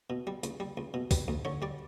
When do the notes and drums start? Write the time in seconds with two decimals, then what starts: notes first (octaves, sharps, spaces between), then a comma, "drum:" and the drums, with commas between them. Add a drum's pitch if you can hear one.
0.10 B2
0.27 G3
0.43 C#2, drum: hi-hat
0.60 G3
0.77 C#2
0.94 B2
1.11 G3 B4, drum: kick, open hi-hat
1.28 D2
1.45 D3 C#5
1.62 G3 D5